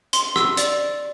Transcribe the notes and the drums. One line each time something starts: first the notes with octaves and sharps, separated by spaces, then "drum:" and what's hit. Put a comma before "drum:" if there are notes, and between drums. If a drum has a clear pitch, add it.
C6, drum: hi-hat
E6, drum: rim click
D5, drum: hi-hat